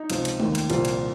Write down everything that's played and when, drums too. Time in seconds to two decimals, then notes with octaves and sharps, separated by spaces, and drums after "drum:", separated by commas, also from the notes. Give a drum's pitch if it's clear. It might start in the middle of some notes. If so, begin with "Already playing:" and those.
Already playing: D#4
0.10 C#2 C3 F3, drum: cymbal
0.25 drum: cymbal
0.40 D#2 D#3, drum: tom G#3
0.55 drum: cymbal
0.70 C2 A#2 F3 F4, drum: cymbal
0.85 drum: cymbal